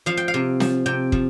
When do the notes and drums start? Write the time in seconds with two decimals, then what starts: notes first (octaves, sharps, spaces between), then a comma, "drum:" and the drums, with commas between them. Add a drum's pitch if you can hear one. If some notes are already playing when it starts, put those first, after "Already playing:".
0.06 F3 F5
0.17 G5
0.28 F5
0.34 C3
0.60 F3, drum: snare
0.86 C3 G5
1.12 F3, drum: kick